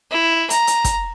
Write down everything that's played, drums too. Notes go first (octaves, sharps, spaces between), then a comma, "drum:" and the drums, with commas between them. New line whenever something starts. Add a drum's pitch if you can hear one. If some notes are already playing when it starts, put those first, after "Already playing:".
E4
A#5, drum: hi-hat
drum: hi-hat
drum: kick, hi-hat